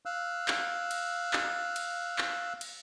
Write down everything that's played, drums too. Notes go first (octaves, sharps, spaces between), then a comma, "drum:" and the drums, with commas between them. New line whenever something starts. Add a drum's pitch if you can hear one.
F5 E6 F#6
drum: clap
drum: cymbal
drum: clap
drum: cymbal
drum: clap
drum: cymbal